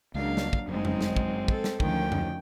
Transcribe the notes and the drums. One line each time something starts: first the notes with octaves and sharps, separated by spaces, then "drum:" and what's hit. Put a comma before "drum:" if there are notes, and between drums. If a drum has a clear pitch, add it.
C#2 F#3 G#3 A#3 D4 F5
drum: snare
drum: kick
G1 F#2 G#3 C4 D#4
drum: tom F2
drum: snare
drum: kick
A4, drum: kick
drum: snare
D2 D#3 F3 A3 C#4 G5, drum: kick
drum: tom F2